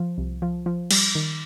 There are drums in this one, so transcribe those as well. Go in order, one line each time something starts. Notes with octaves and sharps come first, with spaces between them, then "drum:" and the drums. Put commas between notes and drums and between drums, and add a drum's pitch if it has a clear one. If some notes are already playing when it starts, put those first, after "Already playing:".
Already playing: F3
C2
F3
F3
G3, drum: cymbal
D#3